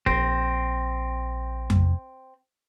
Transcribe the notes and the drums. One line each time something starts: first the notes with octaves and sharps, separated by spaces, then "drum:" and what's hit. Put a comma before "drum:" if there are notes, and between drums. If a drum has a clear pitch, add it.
A#1 C4 A#6, drum: kick
drum: tom F2